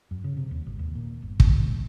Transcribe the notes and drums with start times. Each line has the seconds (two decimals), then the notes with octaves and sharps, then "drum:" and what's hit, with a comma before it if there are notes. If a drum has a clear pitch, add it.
0.11 F#2
0.24 C#3
0.37 C3
0.51 D#2
0.67 G#1
0.79 D#2
0.95 A#2
1.22 G1
1.40 D2, drum: kick
1.62 A1